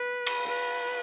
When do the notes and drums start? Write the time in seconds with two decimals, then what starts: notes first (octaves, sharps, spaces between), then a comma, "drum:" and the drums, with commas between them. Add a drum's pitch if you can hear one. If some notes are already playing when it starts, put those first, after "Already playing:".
Already playing: B4
0.27 drum: cymbal
0.48 B4